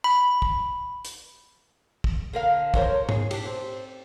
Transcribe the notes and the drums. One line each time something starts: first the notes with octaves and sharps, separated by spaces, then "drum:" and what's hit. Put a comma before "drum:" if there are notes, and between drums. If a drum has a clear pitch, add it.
B5
drum: kick
drum: hi-hat
drum: kick
D3 A#4 F5
A#4 C5 C#5, drum: kick
G#4, drum: tom G#2
D4 G4, drum: cymbal
C4